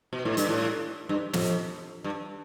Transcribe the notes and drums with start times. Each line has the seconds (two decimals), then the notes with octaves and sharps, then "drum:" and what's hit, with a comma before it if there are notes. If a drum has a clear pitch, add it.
0.13 B2
0.25 A2
0.37 G2, drum: hi-hat
0.49 A2
1.09 G2
1.33 F2, drum: snare
2.04 G2